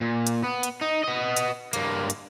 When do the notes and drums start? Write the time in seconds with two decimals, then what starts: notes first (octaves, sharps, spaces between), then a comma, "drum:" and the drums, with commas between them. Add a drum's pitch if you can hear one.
0.01 A#2
0.27 drum: hi-hat
0.44 B3
0.63 drum: hi-hat
0.81 D#4
1.03 B3 D#5
1.36 drum: hi-hat
1.73 G2 A#3, drum: hi-hat
2.10 drum: hi-hat